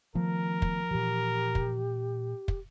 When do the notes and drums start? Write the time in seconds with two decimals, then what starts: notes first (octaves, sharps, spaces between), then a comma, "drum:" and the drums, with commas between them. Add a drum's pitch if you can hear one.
0.15 D#3 F3 A3 B3 A#4
0.62 drum: kick
0.91 A#2 E3 G4
1.55 drum: kick
2.48 drum: kick